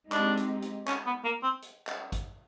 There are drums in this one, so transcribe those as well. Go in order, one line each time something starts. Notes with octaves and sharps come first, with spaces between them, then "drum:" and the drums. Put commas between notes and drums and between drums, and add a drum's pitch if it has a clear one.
G#3 C4 D4 D#4 G4, drum: clap
drum: hi-hat
drum: hi-hat
C#4, drum: clap
B3
A#3
C4
drum: hi-hat
drum: clap
drum: kick, hi-hat